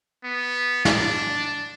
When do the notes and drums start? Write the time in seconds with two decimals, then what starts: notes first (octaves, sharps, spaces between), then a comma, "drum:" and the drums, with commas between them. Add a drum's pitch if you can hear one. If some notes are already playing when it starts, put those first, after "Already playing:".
0.25 B3
0.85 D4, drum: snare